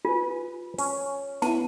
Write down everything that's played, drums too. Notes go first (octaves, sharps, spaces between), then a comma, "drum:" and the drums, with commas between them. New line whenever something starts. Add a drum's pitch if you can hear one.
F4 B4 G#5
C#4, drum: open hi-hat
B3 E4 A5, drum: snare